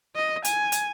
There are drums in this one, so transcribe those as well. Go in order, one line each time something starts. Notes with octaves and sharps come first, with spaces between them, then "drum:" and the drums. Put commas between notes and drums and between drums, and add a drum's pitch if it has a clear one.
D#5
G#5, drum: hi-hat
drum: hi-hat